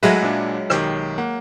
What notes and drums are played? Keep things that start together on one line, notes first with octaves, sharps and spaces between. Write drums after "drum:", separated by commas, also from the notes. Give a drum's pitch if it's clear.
F#3 G#3 A3 B4, drum: cymbal
A#2 D4
B1 D#3 G4, drum: rim click
A#3 F#5